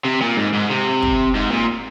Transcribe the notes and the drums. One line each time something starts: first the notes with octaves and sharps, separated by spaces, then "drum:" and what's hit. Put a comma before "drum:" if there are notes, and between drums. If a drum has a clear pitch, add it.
C3
A#2
G#2
G#2
C3
drum: kick
G#2
A#2